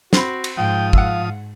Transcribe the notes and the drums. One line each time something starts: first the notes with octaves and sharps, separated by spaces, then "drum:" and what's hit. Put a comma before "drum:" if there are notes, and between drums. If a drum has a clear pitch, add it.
C4 F#4 B5, drum: snare
drum: cymbal
G#2 F3 G5 D#6
F5 F#5 E6, drum: kick